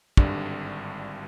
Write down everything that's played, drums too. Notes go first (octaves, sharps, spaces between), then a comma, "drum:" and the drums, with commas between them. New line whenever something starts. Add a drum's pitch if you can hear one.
G#1 G2 D3 G3 D4, drum: kick